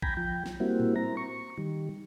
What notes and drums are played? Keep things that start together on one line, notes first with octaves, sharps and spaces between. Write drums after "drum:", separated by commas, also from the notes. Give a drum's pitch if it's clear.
G5 G#5 A#5 B5, drum: kick A#1
F3 G5
drum: snare
G3 A#3 C4 E4 F#4
drum: tom A2
C4 A#5
C#6
D#3 G3